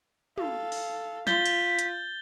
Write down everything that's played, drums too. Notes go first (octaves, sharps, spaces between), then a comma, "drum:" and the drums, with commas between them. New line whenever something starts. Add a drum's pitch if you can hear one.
A4 F5, drum: tom
drum: open hi-hat
F4 G6 A6 B6 G7, drum: snare
drum: cymbal
drum: hi-hat